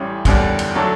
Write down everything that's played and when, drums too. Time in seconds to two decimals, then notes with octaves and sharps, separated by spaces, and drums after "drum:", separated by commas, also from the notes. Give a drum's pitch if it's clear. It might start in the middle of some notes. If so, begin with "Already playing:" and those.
Already playing: A1 A2 G3 C#4
0.25 F#1 E2 D3 G3 D4, drum: kick, cymbal
0.59 drum: cymbal
0.75 F#3 A3 D4 A4